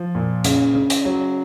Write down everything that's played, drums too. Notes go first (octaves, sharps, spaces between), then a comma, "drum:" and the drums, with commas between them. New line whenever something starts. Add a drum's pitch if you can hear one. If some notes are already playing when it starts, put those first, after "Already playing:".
Already playing: F3
A#2
C#3, drum: hi-hat
C#3
drum: hi-hat
F#3